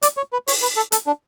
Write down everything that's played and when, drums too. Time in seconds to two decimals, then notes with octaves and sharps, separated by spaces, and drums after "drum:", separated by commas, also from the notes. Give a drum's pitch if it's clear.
0.02 D5, drum: hi-hat
0.17 C#5
0.33 B4
0.48 C#5, drum: open hi-hat
0.62 B4
0.76 A4
0.92 A4, drum: hi-hat
1.07 D4